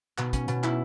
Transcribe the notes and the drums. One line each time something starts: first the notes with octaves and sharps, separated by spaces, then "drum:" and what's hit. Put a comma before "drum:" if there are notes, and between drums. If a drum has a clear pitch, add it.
B2, drum: clap
C#4, drum: kick, hi-hat
B2, drum: hi-hat
E4, drum: clap